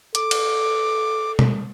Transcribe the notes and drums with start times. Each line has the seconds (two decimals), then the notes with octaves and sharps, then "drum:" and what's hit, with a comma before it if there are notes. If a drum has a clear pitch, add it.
0.15 A4 D6, drum: hi-hat
0.31 drum: cymbal
1.39 drum: tom